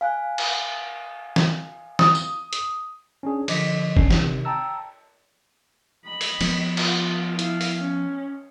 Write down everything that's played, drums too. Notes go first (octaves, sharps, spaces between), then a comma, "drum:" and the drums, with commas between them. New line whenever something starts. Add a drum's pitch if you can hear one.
F5 G#5 F#6
drum: cymbal
drum: snare
D#6, drum: snare
drum: tambourine
drum: hi-hat
C#4 D4 G#4
D3 F3 D#5 D6 A#6 B6, drum: cymbal
G#1 C#4 D4 C7, drum: kick
drum: snare
C3 D#3
G5 A5 A#5 E6
D#5 B5
drum: open hi-hat
F3 B3, drum: cymbal
F4, drum: cymbal
E4 F5, drum: hi-hat
drum: open hi-hat
C#4